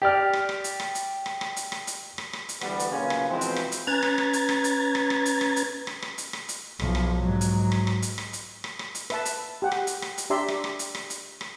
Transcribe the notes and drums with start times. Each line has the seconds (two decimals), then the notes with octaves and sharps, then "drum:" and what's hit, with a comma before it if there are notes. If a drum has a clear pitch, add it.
0.02 G4 D5 F6
0.33 drum: rim click
0.49 drum: rim click
0.64 drum: hi-hat
0.80 drum: rim click
0.95 drum: hi-hat
1.26 drum: rim click
1.41 drum: rim click
1.56 drum: hi-hat
1.72 drum: rim click
1.87 drum: hi-hat
2.18 drum: rim click
2.33 drum: rim click
2.49 drum: hi-hat
2.61 D2 E3 G3 B3, drum: rim click
2.79 drum: hi-hat
2.91 B1 A#2 C#3 C#4 F4 B4
3.10 drum: rim click
3.29 B2 E3 F3 G#3 C4
3.41 drum: hi-hat
3.56 drum: rim click
3.72 drum: hi-hat
3.87 C#4 B4 A#5 G#6 A6
4.03 drum: rim click
4.18 drum: rim click
4.33 drum: hi-hat
4.49 drum: rim click
4.64 drum: hi-hat
4.95 drum: rim click
5.10 drum: rim click
5.26 drum: hi-hat
5.41 drum: rim click
5.56 drum: hi-hat
5.87 drum: rim click
6.02 drum: rim click
6.18 drum: hi-hat
6.33 drum: rim click
6.49 drum: hi-hat
6.79 B1 F3, drum: rim click
6.95 drum: rim click
7.17 G#2 F#3
7.41 drum: hi-hat
7.72 drum: rim click
7.87 drum: rim click
8.02 drum: hi-hat
8.18 drum: rim click
8.33 drum: hi-hat
8.64 drum: rim click
8.79 drum: rim click
8.95 drum: hi-hat
9.10 B4 E5 A5, drum: rim click
9.25 drum: hi-hat
9.62 G4 F#5 G5
9.72 drum: rim click
9.87 drum: hi-hat
10.02 drum: rim click
10.18 drum: hi-hat
10.30 D4 G4 D5 E5 A#5 C6
10.48 drum: rim click
10.64 drum: rim click
10.79 drum: hi-hat
10.95 drum: rim click
11.10 drum: hi-hat
11.41 drum: rim click